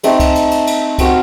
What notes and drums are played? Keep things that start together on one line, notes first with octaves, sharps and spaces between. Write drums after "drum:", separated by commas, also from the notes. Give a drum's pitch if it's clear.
A3 C4 D#4 A4, drum: cymbal
drum: kick, cymbal
drum: cymbal
drum: cymbal
drum: cymbal
C4 F#4 A#4 F5, drum: kick, cymbal